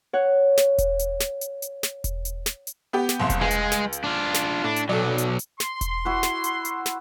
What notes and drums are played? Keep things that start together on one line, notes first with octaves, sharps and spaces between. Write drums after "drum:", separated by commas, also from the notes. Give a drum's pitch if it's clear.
C#5 F#5
drum: snare
drum: kick E1, hi-hat
drum: hi-hat
drum: snare
drum: hi-hat
drum: hi-hat
drum: snare
drum: kick E1, hi-hat
drum: hi-hat
drum: snare
drum: hi-hat
B3 G4
drum: snare
F#1 C2 C6
drum: kick E1, hi-hat
C#2 G#3
drum: hi-hat
drum: snare
drum: hi-hat
D4 F4
drum: snare
A2 D4
drum: hi-hat
B1 F#3 A4 D5
drum: hi-hat
drum: hi-hat
C6, drum: snare
drum: kick E1, hi-hat
E4 F#4 B4
drum: snare
drum: hi-hat
drum: hi-hat
drum: snare